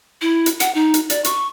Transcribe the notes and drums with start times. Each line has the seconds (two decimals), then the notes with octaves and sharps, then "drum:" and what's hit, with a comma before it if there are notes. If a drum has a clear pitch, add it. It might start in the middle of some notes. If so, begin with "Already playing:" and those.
0.22 E4
0.46 drum: hi-hat
0.60 F#5, drum: hi-hat
0.75 D#4
0.94 drum: hi-hat
1.10 D5, drum: hi-hat
1.24 C#6, drum: hi-hat